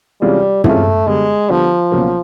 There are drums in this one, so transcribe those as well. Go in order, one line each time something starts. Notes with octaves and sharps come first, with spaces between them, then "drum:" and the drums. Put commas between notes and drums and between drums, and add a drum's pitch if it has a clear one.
C3 E3 G3 G#3 C#4 F4
C3 E3 G#3 A3 C#4 F4, drum: tom
D3 G3 G#3 B3
D3 F3 G3 B3
C#2 B2 F#3 A#3